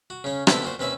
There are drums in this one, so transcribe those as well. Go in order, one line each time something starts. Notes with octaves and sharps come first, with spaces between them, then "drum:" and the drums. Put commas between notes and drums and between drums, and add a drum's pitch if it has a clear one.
F#4
C#3 C#4
D3 B3 C4 E4 G4 A4, drum: rim click
A#2 F#4 C5
D#2 C4 C#4 B4 E5